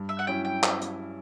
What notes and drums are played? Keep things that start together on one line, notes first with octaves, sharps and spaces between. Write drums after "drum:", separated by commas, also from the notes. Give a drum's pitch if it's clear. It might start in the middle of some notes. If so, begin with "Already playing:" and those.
Already playing: G2
E5
F#5
F#3 C#4 E4 G5
G5
drum: clap
drum: hi-hat